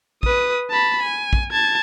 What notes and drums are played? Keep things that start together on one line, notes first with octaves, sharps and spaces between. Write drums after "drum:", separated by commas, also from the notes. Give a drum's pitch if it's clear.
B4 D#6, drum: kick A#1
A5 B5
G#5
drum: kick A#1
A5 G#6